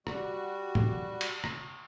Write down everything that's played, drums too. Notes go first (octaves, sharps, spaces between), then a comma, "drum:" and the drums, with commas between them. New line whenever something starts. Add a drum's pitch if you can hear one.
G3 F#4, drum: rim click
drum: tom
drum: cymbal
drum: rim click